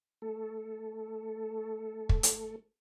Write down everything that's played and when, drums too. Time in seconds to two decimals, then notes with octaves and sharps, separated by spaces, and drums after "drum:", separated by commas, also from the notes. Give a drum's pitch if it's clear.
0.22 A3 A4
2.09 drum: kick
2.23 drum: hi-hat